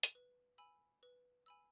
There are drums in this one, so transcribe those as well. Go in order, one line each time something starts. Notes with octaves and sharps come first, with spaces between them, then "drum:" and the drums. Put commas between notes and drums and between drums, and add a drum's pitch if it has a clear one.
drum: hi-hat
B4
G#5 B5 E6
B4
G#5 B5 E6